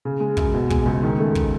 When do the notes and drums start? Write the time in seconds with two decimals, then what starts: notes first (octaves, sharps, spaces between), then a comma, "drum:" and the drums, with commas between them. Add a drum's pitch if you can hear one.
0.05 C#3
0.20 G#3
0.37 F#2, drum: kick
0.54 B2
0.70 G#3, drum: kick
0.86 C#2
1.03 D#3
1.19 A3
1.35 drum: kick